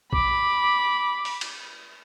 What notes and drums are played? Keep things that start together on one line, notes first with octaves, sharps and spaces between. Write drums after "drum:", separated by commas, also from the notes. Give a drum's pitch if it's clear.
B5 D6, drum: kick
drum: open hi-hat
drum: cymbal